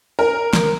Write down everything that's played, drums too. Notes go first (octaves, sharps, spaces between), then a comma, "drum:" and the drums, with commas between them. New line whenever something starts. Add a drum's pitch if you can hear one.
A#4
drum: snare